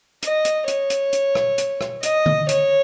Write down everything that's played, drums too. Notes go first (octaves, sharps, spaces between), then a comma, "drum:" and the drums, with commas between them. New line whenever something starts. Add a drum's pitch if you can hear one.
D#5, drum: hi-hat
drum: hi-hat
C#5, drum: hi-hat
drum: hi-hat
drum: hi-hat
drum: rim click
drum: hi-hat
drum: rim click
D#5, drum: hi-hat
drum: tom D3
C#5, drum: hi-hat